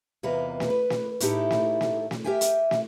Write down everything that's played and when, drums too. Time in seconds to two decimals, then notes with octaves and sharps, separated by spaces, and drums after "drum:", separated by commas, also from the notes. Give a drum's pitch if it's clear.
0.23 E2 C3 A#3 F4 B4 D#5
0.60 drum: snare
0.70 B4
0.90 drum: snare
1.20 A2 D#4 E4 G4 A4, drum: hi-hat
1.50 drum: snare
1.81 drum: snare
2.11 drum: snare
2.24 G4 A#4 E5 G5 G#5
2.41 drum: hi-hat
2.71 drum: snare